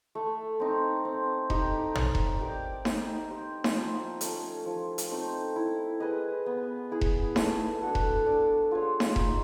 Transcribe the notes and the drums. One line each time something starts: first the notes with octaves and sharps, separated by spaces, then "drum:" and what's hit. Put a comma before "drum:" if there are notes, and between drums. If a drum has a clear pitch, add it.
A3
C4 D#4
C4
D#4 G4, drum: kick E1
D#4, drum: tom
drum: kick E1
G4 A#4 D5
D#4, drum: snare D#4
G4 C5
drum: snare D#4
F3
A3 C#4, drum: hi-hat
F3
drum: hi-hat
A3 C4 D#4
E4
G#4 B4 D#5
B3
E4 G#4
drum: kick E1
A3, drum: snare D#4
D4 F#4 A4
drum: kick E1
D4
F4 G#4 C#5
drum: snare D#4
D#4, drum: kick E1